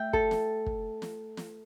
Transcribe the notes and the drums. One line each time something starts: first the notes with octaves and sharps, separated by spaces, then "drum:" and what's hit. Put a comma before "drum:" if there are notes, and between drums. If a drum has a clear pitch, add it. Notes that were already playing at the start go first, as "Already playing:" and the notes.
Already playing: A3 E5 G5
A4, drum: kick
drum: snare
drum: kick
drum: snare
drum: snare